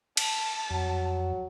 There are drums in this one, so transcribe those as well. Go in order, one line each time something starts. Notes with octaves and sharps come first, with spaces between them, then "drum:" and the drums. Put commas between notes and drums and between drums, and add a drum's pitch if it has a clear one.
A5, drum: cymbal
F2 F#3